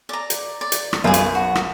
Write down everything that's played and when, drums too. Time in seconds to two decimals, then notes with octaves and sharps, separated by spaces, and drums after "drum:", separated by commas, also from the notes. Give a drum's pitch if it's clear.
0.09 D5 A#5
0.30 drum: hi-hat
0.61 D5
0.72 drum: hi-hat
0.93 drum: rim click
1.04 B1 F#2 F4 G#4
1.14 drum: hi-hat
1.35 F#4
1.55 drum: rim click